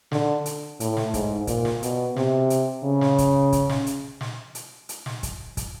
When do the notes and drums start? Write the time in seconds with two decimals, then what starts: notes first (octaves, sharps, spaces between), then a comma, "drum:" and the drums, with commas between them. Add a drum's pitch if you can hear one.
0.12 D3, drum: snare
0.46 drum: hi-hat
0.80 A2, drum: hi-hat
0.97 drum: snare
1.14 G#2, drum: kick, hi-hat
1.47 A#2, drum: kick, hi-hat
1.65 drum: snare
1.83 B2, drum: hi-hat
2.17 C3, drum: snare
2.50 drum: hi-hat
2.84 C#3
3.01 drum: snare
3.18 drum: kick, hi-hat
3.52 drum: kick, hi-hat
3.70 drum: snare
3.87 drum: hi-hat
4.21 drum: snare
4.55 drum: hi-hat
4.89 drum: hi-hat
5.06 drum: snare
5.23 drum: kick, hi-hat
5.57 drum: kick, hi-hat